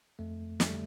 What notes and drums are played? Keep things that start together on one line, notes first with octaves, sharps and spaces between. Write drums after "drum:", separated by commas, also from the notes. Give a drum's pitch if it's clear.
F2 A3
D3 A3, drum: snare
G3